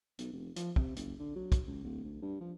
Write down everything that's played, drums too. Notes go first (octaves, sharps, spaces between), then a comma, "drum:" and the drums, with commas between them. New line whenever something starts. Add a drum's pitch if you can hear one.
B1, drum: hi-hat
F1
F3, drum: hi-hat
C3, drum: kick
F#1, drum: hi-hat
D3
F#3
drum: kick, hi-hat
C#2
D1
D2
G2
F3